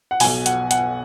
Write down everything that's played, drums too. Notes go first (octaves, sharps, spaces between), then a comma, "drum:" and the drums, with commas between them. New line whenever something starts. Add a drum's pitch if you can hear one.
F#5
B1 B2 G#5, drum: open hi-hat
F#5, drum: hi-hat
F#5, drum: hi-hat